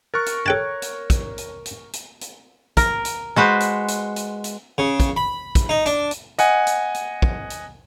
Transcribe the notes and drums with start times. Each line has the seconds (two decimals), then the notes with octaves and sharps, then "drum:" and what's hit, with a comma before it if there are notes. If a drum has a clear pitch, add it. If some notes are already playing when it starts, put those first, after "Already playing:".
0.14 A#4 C#6 F6 F#6 A6
0.26 drum: hi-hat
0.46 A4 C#5 G5 A5 F#6 G#6
0.82 drum: hi-hat
1.10 drum: kick, hi-hat
1.38 drum: hi-hat
1.66 drum: hi-hat
1.93 drum: hi-hat
2.21 drum: hi-hat
2.77 A#4, drum: kick, hi-hat
3.05 drum: hi-hat
3.36 G#3 F#4 B4 C5
3.60 drum: hi-hat
3.88 drum: hi-hat
4.16 drum: hi-hat
4.44 drum: hi-hat
4.78 C#3
5.00 drum: kick, hi-hat
5.17 B5
5.55 drum: kick, hi-hat
5.69 D#4
5.86 D4, drum: hi-hat
6.11 drum: hi-hat
6.38 D#5 F#5 G#5, drum: hi-hat
6.67 drum: hi-hat
6.95 drum: hi-hat
7.22 drum: kick
7.50 drum: hi-hat